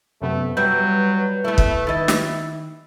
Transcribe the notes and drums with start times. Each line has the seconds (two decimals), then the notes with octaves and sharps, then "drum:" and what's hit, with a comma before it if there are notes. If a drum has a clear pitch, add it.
0.22 F#2 C3 A3 B3
0.57 F#3 G3 E4 B4 G6
1.45 A3 B3 E4
1.58 drum: kick
1.87 D#3 E4 D#5 E6 A6
2.08 drum: snare